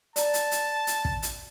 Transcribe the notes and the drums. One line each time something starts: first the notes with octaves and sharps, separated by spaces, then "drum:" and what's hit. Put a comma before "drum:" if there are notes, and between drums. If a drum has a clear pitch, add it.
D5 A5 A#5, drum: hi-hat
drum: hi-hat
drum: hi-hat
drum: hi-hat
drum: kick
drum: hi-hat